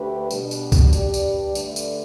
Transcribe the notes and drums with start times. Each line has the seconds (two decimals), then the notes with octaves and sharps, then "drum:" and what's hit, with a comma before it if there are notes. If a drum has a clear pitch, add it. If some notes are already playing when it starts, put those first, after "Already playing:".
Already playing: D2 D3 A3 G4 B4
0.31 B2 G3 D4, drum: tambourine
0.51 drum: tambourine
0.72 drum: kick C#2, tambourine
0.93 G3 D4 G4 B4 D5, drum: tambourine
1.14 drum: tambourine
1.55 D3 A3 D4 B4 D5, drum: tambourine
1.76 drum: tambourine